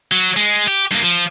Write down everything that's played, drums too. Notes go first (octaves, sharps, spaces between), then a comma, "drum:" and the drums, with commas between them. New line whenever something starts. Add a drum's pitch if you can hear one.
F#3
G#3, drum: cymbal
G4
G2 A#3
F3